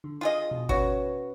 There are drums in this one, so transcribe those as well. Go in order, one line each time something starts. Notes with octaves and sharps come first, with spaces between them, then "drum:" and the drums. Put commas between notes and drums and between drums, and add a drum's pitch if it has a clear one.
D3
F4 G#4 D#5
B2
C#4 F#4 B4 C#5, drum: kick G1